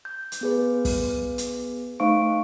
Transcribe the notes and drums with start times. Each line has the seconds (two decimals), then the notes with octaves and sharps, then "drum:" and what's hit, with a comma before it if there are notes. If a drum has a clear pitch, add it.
0.05 G6
0.32 drum: hi-hat
0.41 B3 G#4 B4
0.85 drum: kick, open hi-hat
1.38 drum: hi-hat
2.00 A3 D#4 C5 F5 C#6 D7